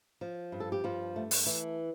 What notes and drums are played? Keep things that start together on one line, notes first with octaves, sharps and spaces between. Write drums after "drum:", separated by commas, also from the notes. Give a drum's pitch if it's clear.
F3
G2
A4
G4
G2 F3 F4
A3
drum: open hi-hat
E3